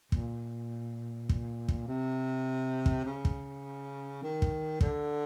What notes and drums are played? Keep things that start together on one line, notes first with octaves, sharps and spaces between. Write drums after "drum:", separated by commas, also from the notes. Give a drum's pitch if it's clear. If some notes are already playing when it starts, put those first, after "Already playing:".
A#2, drum: kick
drum: kick
drum: kick
C3
drum: kick
C#3
drum: kick
D#3
drum: kick
D3, drum: kick